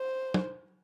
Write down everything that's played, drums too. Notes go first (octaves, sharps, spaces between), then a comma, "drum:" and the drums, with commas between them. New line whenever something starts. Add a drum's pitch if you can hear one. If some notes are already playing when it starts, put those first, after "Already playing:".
Already playing: C5
drum: tom